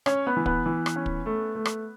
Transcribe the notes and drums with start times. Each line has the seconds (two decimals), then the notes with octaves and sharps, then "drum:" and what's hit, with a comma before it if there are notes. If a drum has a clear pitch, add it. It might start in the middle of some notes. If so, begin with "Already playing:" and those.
0.06 C#4 C#5, drum: rim click
0.27 B3 B4
0.37 E3
0.46 B3 B4, drum: kick
0.66 E3
0.86 drum: rim click
0.96 C#4
1.06 drum: kick
1.26 A3
1.55 A3
1.65 drum: rim click